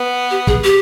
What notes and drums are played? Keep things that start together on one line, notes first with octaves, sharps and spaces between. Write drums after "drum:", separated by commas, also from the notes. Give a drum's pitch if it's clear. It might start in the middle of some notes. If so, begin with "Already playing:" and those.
Already playing: B3
G4
G#4, drum: kick
G4